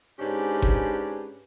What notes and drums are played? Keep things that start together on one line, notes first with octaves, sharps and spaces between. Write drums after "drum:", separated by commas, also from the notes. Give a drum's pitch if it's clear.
G#2 C#4 D4 G4 B4
drum: kick G1